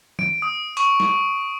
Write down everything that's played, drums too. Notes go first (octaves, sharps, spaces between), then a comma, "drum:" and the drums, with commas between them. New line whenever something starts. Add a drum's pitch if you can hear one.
D7, drum: tom D#3
D#6
C#6, drum: hi-hat
drum: snare